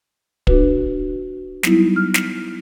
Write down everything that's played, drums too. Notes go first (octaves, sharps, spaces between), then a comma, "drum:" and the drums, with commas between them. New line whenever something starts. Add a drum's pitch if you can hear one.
D4 F#4 B4, drum: kick
F#3 G3 B3 D#4 E4, drum: snare
F6
drum: snare